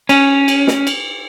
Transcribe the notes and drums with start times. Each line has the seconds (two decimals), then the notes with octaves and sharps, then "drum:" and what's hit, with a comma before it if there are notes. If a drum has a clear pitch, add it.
0.09 C#4, drum: cymbal
0.48 drum: cymbal
0.67 drum: snare
0.87 drum: cymbal